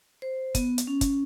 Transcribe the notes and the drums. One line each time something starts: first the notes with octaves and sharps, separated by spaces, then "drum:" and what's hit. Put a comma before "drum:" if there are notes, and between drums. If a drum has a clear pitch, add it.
C5
B3, drum: kick, hi-hat
drum: hi-hat
C#4
drum: kick, hi-hat